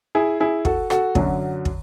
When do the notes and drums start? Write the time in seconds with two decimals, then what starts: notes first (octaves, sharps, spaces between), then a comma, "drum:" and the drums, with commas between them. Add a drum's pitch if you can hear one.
0.15 E4 G#4
0.40 E4 G#4
0.65 F#4 A4, drum: kick
0.90 F#4 A4, drum: rim click
1.15 F#2 D3 F#3, drum: kick
1.65 drum: kick